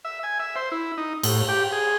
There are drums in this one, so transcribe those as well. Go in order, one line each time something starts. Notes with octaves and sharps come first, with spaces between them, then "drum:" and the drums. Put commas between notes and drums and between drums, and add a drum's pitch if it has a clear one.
E5
G#5
E5
C5
E4
D#4
A2, drum: cymbal
G4
G#4